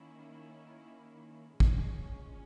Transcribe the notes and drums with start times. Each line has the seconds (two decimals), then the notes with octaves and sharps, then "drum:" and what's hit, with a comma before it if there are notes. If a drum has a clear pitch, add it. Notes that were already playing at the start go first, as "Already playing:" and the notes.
Already playing: D#3 A#3 C#4 E4
1.60 A#2 G#3 C#4, drum: kick